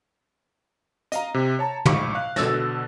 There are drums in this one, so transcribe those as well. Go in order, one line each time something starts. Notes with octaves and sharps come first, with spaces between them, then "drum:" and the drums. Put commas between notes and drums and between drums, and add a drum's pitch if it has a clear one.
D#5 F5 A#5, drum: hi-hat
C3
C#5 A5 A#5
A#1 G#2 F5 B5 C#6, drum: tom
F5 F#6
B2 D3 E6 A6 A#6, drum: snare